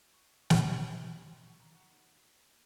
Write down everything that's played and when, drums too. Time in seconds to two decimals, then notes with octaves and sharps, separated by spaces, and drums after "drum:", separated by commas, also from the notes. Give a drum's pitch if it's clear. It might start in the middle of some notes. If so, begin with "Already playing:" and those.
Already playing: F#3
0.14 C#6
0.50 drum: snare
0.72 C2 C3 D#3 C#6
1.31 C6
1.46 C#6
1.60 A#5
1.75 F#5
1.90 D#2 D#3 F#3